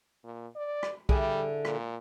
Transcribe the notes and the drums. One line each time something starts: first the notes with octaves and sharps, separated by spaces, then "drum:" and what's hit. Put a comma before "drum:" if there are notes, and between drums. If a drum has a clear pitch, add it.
A#2
D5
drum: rim click
D3 G3 E4 G#4, drum: kick B1
A#2, drum: rim click